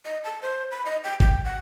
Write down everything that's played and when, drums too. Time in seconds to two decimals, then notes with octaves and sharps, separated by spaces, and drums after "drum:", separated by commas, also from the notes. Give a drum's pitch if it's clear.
0.05 D#5
0.24 A5
0.42 C5
0.71 B5
0.86 D#5
1.04 G5
1.20 G5, drum: kick G#1
1.45 F#5